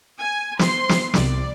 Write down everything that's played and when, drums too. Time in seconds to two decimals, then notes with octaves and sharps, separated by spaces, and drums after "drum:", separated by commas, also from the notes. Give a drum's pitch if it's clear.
0.19 G#5
0.59 C5 C6, drum: snare
0.89 drum: snare
1.14 C2 C3 D5, drum: snare